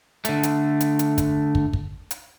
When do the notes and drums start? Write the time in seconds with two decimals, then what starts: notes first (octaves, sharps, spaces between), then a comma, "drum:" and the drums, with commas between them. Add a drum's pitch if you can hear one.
0.25 D3 A3, drum: hi-hat
0.43 drum: hi-hat
0.80 drum: hi-hat
0.99 drum: hi-hat
1.18 drum: kick, hi-hat
1.55 drum: kick
1.73 drum: kick
2.11 drum: hi-hat